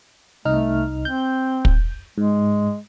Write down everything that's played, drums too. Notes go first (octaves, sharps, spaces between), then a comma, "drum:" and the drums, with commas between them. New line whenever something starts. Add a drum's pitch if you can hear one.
C2 A3 D#4 F6
C4 G6
drum: kick
G#2 G#3